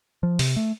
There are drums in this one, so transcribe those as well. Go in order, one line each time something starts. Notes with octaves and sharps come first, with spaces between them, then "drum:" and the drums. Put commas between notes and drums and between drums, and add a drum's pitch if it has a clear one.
F3
C3, drum: open hi-hat
A3